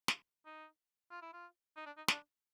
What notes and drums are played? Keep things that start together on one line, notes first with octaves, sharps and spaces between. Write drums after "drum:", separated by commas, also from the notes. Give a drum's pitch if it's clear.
drum: snare
D#4
F4
E4
F4
D#4
D4
D#4
D4, drum: snare